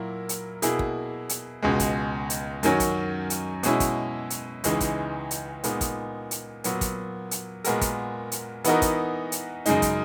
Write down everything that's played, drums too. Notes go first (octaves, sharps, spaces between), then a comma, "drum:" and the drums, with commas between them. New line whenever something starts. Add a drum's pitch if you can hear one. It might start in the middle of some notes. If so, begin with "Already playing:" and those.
Already playing: A#2 F#3 A#3 E4 A#4
drum: hi-hat
B2 A#3 E4 G#4, drum: hi-hat
drum: kick
drum: hi-hat
C#2 B2 G#3
drum: kick, hi-hat
drum: hi-hat
F#2 D#3 F#3 C#4, drum: hi-hat
drum: kick, hi-hat
drum: hi-hat
B2 G#3 C#4 E4, drum: hi-hat
drum: kick, hi-hat
drum: hi-hat
C#2 C#3 E3 G#3 D#4, drum: hi-hat
drum: kick, hi-hat
drum: hi-hat
A#2 G#3 B3 D#4, drum: hi-hat
drum: kick, hi-hat
drum: hi-hat
A#2 F#3 B3, drum: hi-hat
drum: kick, hi-hat
drum: hi-hat
A#2 G#3 B3 F#4 A#4, drum: hi-hat
drum: kick, hi-hat
drum: hi-hat
E3 B3 D#4 F#4 A#4, drum: hi-hat
drum: kick, hi-hat
drum: hi-hat
F#2 C#3 G#3 D#4, drum: hi-hat
drum: kick, hi-hat